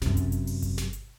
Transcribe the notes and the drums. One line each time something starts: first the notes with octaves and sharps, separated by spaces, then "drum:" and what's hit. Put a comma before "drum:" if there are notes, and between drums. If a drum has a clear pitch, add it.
F#2 C3, drum: snare
drum: kick G1, hi-hat
drum: hi-hat
drum: open hi-hat
drum: kick G1, hi-hat
drum: snare
drum: hi-hat